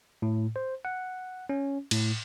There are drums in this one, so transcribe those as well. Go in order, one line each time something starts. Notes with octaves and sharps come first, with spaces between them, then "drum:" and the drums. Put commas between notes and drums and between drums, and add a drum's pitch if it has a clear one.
A2
C5
F#5
C#4
A2, drum: cymbal